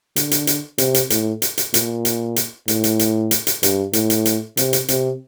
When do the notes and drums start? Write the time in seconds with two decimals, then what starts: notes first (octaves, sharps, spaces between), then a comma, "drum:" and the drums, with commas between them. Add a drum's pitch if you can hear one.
0.16 D3, drum: hi-hat
0.31 drum: hi-hat
0.47 drum: hi-hat
0.78 C3, drum: hi-hat
0.94 drum: hi-hat
1.10 A2, drum: hi-hat
1.42 drum: hi-hat
1.58 drum: hi-hat
1.74 A#2, drum: hi-hat
2.05 drum: hi-hat
2.36 drum: hi-hat
2.68 A2, drum: hi-hat
2.84 drum: hi-hat
2.99 drum: hi-hat
3.31 drum: hi-hat
3.47 drum: hi-hat
3.63 G2, drum: hi-hat
3.93 A2, drum: hi-hat
4.10 drum: hi-hat
4.25 drum: hi-hat
4.57 C3, drum: hi-hat
4.73 drum: hi-hat
4.88 C3, drum: hi-hat